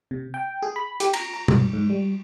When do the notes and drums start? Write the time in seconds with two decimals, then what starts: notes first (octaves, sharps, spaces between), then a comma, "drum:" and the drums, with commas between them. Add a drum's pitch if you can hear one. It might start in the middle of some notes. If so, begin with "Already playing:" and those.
0.11 C3
0.34 G5
0.62 G#4
0.76 B5
1.00 G4, drum: hi-hat
1.13 A#5, drum: cymbal
1.34 A#5
1.48 G2, drum: tom
1.73 G#2
1.90 G3